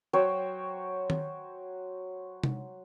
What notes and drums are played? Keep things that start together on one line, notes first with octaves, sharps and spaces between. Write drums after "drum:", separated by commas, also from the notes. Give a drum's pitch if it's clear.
F#3 C5 C#5 G5
drum: tom D#3
drum: tom C3